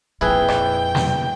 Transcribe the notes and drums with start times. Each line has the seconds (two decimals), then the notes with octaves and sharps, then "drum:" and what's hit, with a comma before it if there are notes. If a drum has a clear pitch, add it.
0.21 F2 A#2 E4 G#4 B4 G5
0.48 drum: rim click
0.95 drum: snare